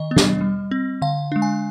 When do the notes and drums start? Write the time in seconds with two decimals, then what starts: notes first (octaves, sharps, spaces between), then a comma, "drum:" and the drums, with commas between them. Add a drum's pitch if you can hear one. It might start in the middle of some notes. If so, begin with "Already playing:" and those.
Already playing: D#3 D#5
0.11 B3
0.16 D4, drum: snare
0.41 G3
0.71 C4
1.02 D3 F5
1.32 G#3 D4
1.42 G#5